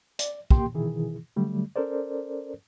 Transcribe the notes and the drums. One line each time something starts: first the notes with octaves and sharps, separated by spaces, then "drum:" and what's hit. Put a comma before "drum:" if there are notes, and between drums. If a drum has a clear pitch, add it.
D5, drum: hi-hat
A#3 G4 G5 C6, drum: kick
B2 D#3 E3 E4 G#4
D3 F#3 G3 A3
C#4 A4 A#4 C5 D5